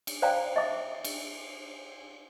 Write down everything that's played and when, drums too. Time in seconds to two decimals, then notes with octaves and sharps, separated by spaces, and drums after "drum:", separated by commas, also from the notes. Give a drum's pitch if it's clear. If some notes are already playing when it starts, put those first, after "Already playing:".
0.07 drum: cymbal
0.22 C5 D5 F5 G5 A#5
0.56 D#5 E5 D6
1.04 drum: cymbal